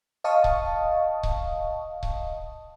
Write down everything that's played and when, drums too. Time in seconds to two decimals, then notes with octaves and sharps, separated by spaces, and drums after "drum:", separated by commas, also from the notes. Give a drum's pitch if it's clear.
0.24 D#5 F5 A5 C#6 D#6
0.44 drum: kick C#1
1.23 drum: kick C#1
2.03 drum: kick C#1